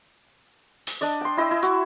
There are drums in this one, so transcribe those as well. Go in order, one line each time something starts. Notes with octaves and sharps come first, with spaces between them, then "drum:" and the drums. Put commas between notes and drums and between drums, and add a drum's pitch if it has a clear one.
drum: open hi-hat
D4 D5 D#5
G5 C6
E4 D#5 G5 E6
E4
F#4, drum: hi-hat